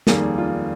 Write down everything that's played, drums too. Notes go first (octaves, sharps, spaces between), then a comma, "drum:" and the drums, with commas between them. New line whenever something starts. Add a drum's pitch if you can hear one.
F1 D#2 D#3 G3 A#3 G#4, drum: snare
F4